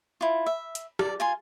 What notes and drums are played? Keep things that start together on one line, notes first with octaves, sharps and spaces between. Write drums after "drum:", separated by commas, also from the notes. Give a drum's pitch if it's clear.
E4 F4
E5
drum: hi-hat
D5, drum: rim click
F4 G#5 C6